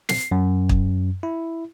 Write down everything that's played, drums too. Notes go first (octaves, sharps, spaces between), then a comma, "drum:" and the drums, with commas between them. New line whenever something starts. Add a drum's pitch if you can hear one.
C7, drum: snare
F#2
drum: kick
E4